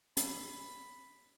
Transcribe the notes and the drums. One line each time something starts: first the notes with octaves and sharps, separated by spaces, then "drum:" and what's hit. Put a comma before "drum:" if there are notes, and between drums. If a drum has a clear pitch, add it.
B5, drum: hi-hat